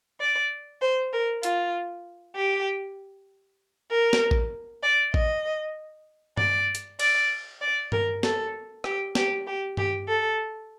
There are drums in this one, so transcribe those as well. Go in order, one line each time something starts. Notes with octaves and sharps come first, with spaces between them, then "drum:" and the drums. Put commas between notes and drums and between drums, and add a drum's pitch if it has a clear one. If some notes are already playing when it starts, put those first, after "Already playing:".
D5
C5
A#4
F4, drum: hi-hat
G4
A#4
drum: snare
drum: kick A1
D5
D#5, drum: kick A1
D5, drum: tom G2
drum: hi-hat
D5, drum: cymbal
D5
A#4, drum: tom G2
A4, drum: snare
G4, drum: rim click
G4, drum: snare
G4
G4, drum: tom G2
A4